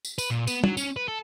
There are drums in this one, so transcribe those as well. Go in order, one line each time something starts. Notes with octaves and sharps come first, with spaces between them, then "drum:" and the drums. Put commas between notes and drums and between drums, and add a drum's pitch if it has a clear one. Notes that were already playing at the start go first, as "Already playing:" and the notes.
drum: tambourine
B4, drum: tambourine
A#2
B3, drum: tambourine
F#3, drum: tom
C#4, drum: tambourine
B4
A4